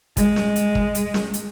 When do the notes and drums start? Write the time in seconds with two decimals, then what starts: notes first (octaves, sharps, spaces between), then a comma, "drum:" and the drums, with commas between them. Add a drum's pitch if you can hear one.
0.17 G#3, drum: kick, hi-hat
0.36 drum: snare
0.56 drum: hi-hat
0.75 drum: kick
0.95 drum: hi-hat
1.14 drum: snare
1.34 drum: hi-hat